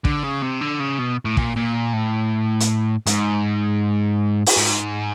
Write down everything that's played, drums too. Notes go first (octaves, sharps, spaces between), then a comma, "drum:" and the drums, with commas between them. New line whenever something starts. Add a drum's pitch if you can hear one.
D3, drum: kick
C#3
C3
D3
C#3
B2
A2
A#2, drum: kick
A#2
A2
drum: hi-hat
G#2, drum: hi-hat
drum: open hi-hat
G#2